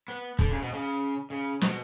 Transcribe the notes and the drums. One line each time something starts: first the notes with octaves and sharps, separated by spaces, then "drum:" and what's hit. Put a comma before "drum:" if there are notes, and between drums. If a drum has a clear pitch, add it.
B3
D3, drum: kick
C#3
B2
C#3
C#3
B2, drum: snare